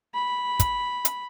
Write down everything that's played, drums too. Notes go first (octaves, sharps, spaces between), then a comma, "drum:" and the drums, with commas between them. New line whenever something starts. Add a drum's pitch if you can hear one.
B5
drum: kick, hi-hat
drum: hi-hat